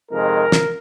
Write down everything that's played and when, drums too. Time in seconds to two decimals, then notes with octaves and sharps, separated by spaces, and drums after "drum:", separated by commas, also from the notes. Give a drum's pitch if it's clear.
0.12 F2 C3 D#3 G#3 A#4
0.52 drum: snare